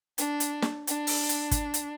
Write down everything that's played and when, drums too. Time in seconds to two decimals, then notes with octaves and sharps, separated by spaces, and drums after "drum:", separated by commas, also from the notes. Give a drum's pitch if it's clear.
0.18 D4, drum: hi-hat
0.40 drum: hi-hat
0.62 drum: snare
0.87 D4, drum: hi-hat
1.07 drum: open hi-hat
1.29 drum: hi-hat
1.51 drum: kick, hi-hat
1.74 drum: hi-hat